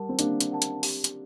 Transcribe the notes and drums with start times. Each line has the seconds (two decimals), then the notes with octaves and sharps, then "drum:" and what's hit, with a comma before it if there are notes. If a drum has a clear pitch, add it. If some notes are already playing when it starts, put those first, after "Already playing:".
Already playing: G3 G4 A#4 F#5 A5
0.09 C4
0.19 A#3 D4 G4, drum: hi-hat
0.41 drum: hi-hat
0.51 A#4 F#5 A5
0.62 drum: hi-hat
0.83 G4, drum: open hi-hat
1.04 drum: hi-hat